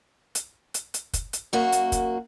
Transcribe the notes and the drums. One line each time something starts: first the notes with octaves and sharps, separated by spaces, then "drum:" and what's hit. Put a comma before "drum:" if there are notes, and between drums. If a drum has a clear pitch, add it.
drum: hi-hat
drum: hi-hat
drum: hi-hat
drum: kick, hi-hat
drum: hi-hat
F#2 A#3 F#4
drum: hi-hat
drum: kick, hi-hat